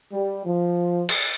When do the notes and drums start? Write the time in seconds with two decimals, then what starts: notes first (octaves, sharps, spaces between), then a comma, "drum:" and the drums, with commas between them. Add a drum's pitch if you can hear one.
0.12 G3
0.46 F3
1.09 drum: cymbal